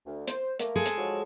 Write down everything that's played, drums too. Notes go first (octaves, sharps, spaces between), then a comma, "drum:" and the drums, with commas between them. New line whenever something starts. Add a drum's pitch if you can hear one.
D2
C5, drum: hi-hat
A3 A#3, drum: hi-hat
G#3 G#4 A4
drum: hi-hat
G#2 F3 F#3